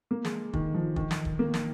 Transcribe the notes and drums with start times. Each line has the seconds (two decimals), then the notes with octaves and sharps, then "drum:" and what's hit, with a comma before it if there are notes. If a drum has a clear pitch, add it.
0.11 A#3
0.25 G#3, drum: snare
0.53 D#3, drum: kick
0.74 F3
0.96 D#3, drum: kick
1.11 drum: snare
1.25 drum: kick
1.39 A#3
1.54 drum: snare